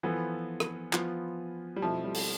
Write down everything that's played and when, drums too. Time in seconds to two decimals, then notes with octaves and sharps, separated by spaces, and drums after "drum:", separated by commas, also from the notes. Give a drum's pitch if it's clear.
0.03 E3 F3 B3 F4 A4
0.60 drum: rim click
0.93 F3 B3 F4, drum: clap
1.76 G3
1.82 B2 F3 A3 C4 E4
2.04 G3
2.14 drum: open hi-hat